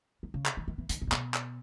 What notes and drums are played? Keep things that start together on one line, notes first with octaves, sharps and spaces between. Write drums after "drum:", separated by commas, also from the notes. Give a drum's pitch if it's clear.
D#3
C#3
drum: clap
D#3
D#3
E3
D#3, drum: hi-hat
C#3
A#2
B2, drum: clap
drum: clap